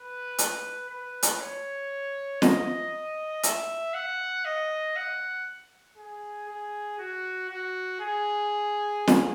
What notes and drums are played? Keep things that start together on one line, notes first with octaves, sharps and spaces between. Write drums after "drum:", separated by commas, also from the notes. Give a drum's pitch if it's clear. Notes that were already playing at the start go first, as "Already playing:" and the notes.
Already playing: B4
drum: hi-hat
B4
drum: hi-hat
C#5
D#5, drum: snare
E5, drum: hi-hat
F#5
D#5
F#5
G#4
G#4
F#4
F#4
G#4
drum: snare